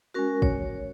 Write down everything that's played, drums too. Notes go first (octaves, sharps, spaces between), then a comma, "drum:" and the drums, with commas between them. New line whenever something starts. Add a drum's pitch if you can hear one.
G#3 C#4 F#4 A#4
C#5, drum: kick